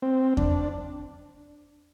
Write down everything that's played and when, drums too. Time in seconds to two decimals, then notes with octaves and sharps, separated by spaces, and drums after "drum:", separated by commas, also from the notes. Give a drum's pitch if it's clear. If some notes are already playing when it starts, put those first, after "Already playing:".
0.02 C4
0.37 D4, drum: kick E2